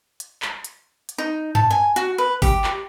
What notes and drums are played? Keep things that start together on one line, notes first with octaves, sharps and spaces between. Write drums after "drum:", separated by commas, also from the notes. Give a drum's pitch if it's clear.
drum: hi-hat
drum: clap
drum: hi-hat
drum: hi-hat
D#4
A5, drum: tom G2
G#5
F#4, drum: hi-hat
B4
G4, drum: kick, open hi-hat
drum: clap